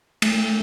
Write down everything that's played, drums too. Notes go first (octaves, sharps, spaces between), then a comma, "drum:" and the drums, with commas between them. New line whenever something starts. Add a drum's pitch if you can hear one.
A3, drum: cymbal